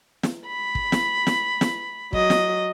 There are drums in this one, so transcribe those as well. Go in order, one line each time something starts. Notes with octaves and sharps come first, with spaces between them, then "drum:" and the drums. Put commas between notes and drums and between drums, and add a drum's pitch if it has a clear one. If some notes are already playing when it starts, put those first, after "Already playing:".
drum: snare
B5
drum: kick
drum: snare
drum: snare
drum: snare
F#3 D#5, drum: kick
drum: snare